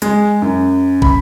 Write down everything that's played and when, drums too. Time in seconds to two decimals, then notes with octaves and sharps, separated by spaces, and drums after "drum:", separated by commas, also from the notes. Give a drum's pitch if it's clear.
0.02 G#3, drum: hi-hat
0.42 F#2
1.02 B5, drum: kick